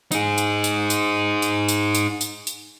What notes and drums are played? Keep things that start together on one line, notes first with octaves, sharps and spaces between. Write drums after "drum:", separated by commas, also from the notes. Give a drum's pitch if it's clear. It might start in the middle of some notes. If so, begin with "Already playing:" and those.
D#4 G#4, drum: tambourine
drum: tambourine
drum: tambourine
drum: tambourine
drum: tambourine
drum: tambourine
drum: tambourine
drum: tambourine
drum: tambourine